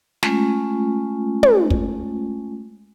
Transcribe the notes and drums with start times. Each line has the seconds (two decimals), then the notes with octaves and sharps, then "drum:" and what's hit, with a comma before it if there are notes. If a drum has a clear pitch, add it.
0.23 G#3 A3 C#4 F4, drum: snare
1.43 drum: tom
1.70 drum: kick